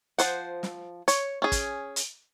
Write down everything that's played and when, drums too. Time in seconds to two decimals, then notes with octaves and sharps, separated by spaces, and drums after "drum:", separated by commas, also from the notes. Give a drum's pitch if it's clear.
0.19 F3 C5 F#5, drum: hi-hat
0.63 drum: snare
1.08 C#5, drum: hi-hat
1.42 C#4 G#4
1.52 drum: kick, hi-hat
1.96 drum: hi-hat